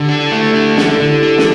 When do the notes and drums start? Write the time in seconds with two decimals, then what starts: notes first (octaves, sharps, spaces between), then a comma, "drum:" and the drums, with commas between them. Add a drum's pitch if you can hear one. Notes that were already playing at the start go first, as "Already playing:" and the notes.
Already playing: D3 G4
0.09 D4
0.16 E4
0.31 A3
0.47 G4
0.54 D4
0.77 D3 A4, drum: snare
0.89 G4
1.00 D3 E4
1.14 G4
1.23 D4
1.38 drum: snare